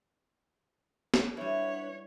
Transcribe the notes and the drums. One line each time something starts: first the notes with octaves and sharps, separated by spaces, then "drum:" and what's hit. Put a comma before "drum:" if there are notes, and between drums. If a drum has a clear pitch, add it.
drum: snare
G3 D4 E4 B4 C#5 F#5